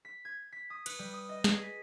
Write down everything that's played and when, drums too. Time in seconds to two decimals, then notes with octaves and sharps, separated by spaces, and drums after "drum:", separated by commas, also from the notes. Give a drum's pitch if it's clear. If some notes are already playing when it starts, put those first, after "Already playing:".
0.05 B6
0.25 G#6
0.52 B6
0.70 D#6
0.86 B4, drum: cymbal
0.99 G3
1.13 D#6
1.29 D#5
1.44 G#4, drum: snare
1.63 B6